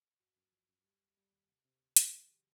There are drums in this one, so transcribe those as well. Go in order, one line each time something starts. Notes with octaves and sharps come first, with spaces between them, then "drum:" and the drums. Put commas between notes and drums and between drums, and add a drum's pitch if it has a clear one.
F#2 F#4
F#2
F3
F#2
G3 G4
D#2
G3
D#2
C3
C3
D2
E3, drum: hi-hat
F#3 G#4
C#3 G4